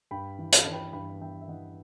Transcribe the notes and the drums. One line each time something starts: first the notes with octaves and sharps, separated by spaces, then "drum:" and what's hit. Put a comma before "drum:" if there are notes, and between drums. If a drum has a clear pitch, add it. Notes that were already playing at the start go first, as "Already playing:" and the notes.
G2 G5 B5
E3
B5, drum: hi-hat
E3 A5
G5 B5
G2 G5 B5
E3 E5 G5
E5
E3 D#5 F#5